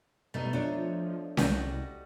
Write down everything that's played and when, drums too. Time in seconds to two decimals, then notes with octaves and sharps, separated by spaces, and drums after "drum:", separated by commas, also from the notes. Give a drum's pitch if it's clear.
0.34 B2 G3 A3 D#4
0.53 F3 D4 C#5
1.37 C2 G3 F#4 D#5, drum: snare C#4